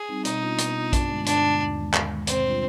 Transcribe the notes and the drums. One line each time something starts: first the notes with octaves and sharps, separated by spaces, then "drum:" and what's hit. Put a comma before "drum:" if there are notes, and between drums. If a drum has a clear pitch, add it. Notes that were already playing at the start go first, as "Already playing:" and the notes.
Already playing: G#4
G3 C4 D#4
B2 D#4, drum: hi-hat
B3 D4 F4
B2, drum: hi-hat
B3 D4 F4
G2 D4, drum: kick A#1, hi-hat
D3 G#3
G2 D4, drum: hi-hat
D3 G#3
D#2
D#3 G#3
D#2, drum: clap
D#3 G#3
B2 C4, drum: hi-hat
G3 D4 F4